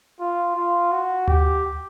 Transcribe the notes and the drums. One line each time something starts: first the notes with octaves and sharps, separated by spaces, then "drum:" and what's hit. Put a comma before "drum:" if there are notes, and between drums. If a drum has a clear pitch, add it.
F4
F4
F#4
G4, drum: tom D2